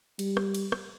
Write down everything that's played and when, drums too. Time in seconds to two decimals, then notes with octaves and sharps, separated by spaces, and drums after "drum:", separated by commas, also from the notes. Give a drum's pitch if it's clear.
0.19 G3, drum: cymbal
0.37 drum: rim click
0.55 drum: cymbal
0.72 drum: rim click